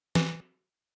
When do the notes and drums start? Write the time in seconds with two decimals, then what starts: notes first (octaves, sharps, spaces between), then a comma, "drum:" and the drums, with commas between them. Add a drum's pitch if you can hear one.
0.15 E3, drum: snare